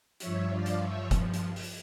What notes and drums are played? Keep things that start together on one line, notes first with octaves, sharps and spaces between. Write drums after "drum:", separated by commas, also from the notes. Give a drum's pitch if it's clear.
G2 F3 C#5 E5, drum: hi-hat
D5 F5
drum: hi-hat
C#5 E5
drum: kick F1, hi-hat
drum: hi-hat
drum: open hi-hat